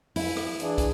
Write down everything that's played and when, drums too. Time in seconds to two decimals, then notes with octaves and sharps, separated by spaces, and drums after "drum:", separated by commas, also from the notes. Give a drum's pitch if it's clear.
0.16 E4, drum: open hi-hat
0.37 drum: rim click
0.60 E3 D4 G#4, drum: hi-hat
0.78 drum: kick, hi-hat